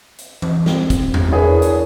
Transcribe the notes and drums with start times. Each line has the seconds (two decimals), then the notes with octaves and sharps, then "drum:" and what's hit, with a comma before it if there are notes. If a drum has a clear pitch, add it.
0.18 drum: hi-hat
0.42 drum: tom E3
0.66 C4, drum: snare
0.90 drum: kick, hi-hat
1.14 drum: tom E2
1.31 D4 E4 G#4 A#4 B4 C#5
1.62 drum: hi-hat